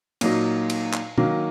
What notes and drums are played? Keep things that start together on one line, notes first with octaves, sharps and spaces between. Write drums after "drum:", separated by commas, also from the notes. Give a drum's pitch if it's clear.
A#2 F#3 A#3 D#4, drum: cymbal
drum: cymbal
drum: clap
D#3 F#3 A#3, drum: tom